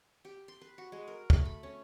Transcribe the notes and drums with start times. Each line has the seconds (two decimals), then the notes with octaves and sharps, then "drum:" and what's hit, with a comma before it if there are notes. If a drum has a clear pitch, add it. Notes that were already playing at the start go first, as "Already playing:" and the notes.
0.25 G4
0.48 C6
0.61 B4
0.78 F#4
0.92 G#3
1.08 A#4
1.30 A3, drum: kick
1.45 B5
1.63 C#4